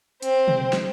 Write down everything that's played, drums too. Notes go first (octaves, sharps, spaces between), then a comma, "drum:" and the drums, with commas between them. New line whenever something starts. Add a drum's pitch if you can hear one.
C4, drum: hi-hat
drum: tom B2
drum: snare